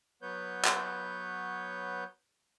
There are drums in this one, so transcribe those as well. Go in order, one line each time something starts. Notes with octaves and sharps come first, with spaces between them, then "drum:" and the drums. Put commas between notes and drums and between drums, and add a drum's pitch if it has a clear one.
F#3 B3 B4 C#5 G6
drum: clap